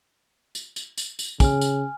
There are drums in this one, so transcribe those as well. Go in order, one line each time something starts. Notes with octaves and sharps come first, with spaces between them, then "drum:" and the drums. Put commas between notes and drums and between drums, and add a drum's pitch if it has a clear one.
drum: tambourine
drum: tambourine
drum: tambourine
drum: tambourine
C#3 G#5 F6, drum: kick, tambourine
drum: tambourine